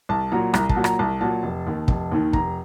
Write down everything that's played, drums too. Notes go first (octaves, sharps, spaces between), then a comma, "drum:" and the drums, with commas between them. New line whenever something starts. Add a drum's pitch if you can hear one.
C2 A5
A#2 F#3 A#5
C2 A#5, drum: rim click
A5, drum: kick
A#2 F#3
A#5, drum: rim click
C2 A5
A#2 F#3 A5
F1
D#2 D#3
F1, drum: kick
D#2 D#3
F1 A#5, drum: kick